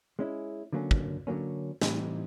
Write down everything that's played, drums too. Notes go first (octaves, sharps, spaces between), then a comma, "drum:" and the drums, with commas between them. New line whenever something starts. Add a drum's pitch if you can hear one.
G#3 C#4 E4
D3 F#3 A#3 C#4
drum: kick
D3 F#3 A#3 C#4
A2 E3 G3 C4 D#4, drum: snare